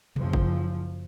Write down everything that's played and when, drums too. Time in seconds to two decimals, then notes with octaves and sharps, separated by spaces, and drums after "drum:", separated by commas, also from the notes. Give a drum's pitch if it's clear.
0.16 F#1 F3, drum: tom B2
0.33 drum: kick G1